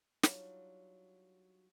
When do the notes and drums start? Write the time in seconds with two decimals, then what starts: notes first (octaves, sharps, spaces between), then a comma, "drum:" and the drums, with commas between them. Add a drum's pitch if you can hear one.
0.23 F#3 G3 D4 D#4 F4, drum: snare